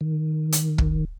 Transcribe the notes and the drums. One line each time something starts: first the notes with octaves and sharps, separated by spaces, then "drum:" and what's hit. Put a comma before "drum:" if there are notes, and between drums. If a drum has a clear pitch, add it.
D#3
drum: hi-hat
drum: kick